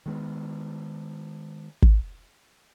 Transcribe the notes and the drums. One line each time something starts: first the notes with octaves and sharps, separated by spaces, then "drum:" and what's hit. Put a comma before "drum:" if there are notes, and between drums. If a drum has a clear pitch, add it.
D#3 G#3 B3
drum: kick